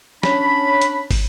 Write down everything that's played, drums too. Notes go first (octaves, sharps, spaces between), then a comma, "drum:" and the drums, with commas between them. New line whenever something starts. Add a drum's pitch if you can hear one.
C#4 D4 B5, drum: snare
drum: hi-hat
drum: kick, open hi-hat